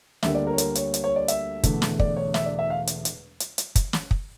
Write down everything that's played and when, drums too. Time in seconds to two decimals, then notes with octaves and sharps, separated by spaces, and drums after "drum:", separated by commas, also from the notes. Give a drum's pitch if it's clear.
0.23 D2 D3 G3 A#3 E5, drum: snare
0.35 D5
0.47 A#4
0.53 C#5
0.58 A#4, drum: hi-hat
0.75 C#5, drum: hi-hat
0.94 drum: hi-hat
1.04 C#5
1.16 D5
1.28 E5, drum: hi-hat
1.63 E1 E2 D3 A3, drum: kick, hi-hat
1.82 drum: snare
1.99 D5, drum: kick
2.16 C#5
2.34 E5, drum: snare
2.46 D5
2.59 E5
2.70 F5
2.87 drum: hi-hat
3.05 drum: hi-hat
3.40 drum: hi-hat
3.58 drum: hi-hat
3.75 drum: kick, hi-hat
3.93 drum: snare
4.11 drum: kick